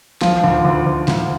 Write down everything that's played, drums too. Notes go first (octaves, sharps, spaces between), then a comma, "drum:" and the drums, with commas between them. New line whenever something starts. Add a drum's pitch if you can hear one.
F3 F4, drum: snare
D2
D2
D2
D2, drum: snare